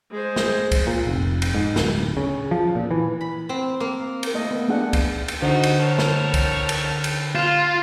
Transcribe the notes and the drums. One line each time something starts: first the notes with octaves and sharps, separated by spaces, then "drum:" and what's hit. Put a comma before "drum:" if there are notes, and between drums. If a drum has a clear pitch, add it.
G#3 C5
drum: snare
drum: kick C#2, cymbal
A#2
F1
drum: cymbal
G#2
D1, drum: snare
C#3
F3
A#2
E3
B5
C4
A#3
drum: cymbal
A3 A#3 D#5
B3
A3 A#3 D4 G#4 F#5
drum: kick C#2, cymbal
drum: cymbal
D3 D#4 F#4 C5 F#5
drum: cymbal
A#4 C#5 A5
drum: snare
drum: kick C#2, cymbal
drum: cymbal
drum: cymbal
F4 F6 E7